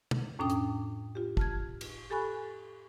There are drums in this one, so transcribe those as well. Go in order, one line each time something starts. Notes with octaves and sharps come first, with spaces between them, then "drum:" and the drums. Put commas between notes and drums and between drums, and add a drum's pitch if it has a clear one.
drum: tom
F2 A2 C#4 D4 G5 D#6
drum: hi-hat
F4 G4
A5 F6 G#6, drum: kick
drum: cymbal
G4 A4 G#5 B5 C#6 F#6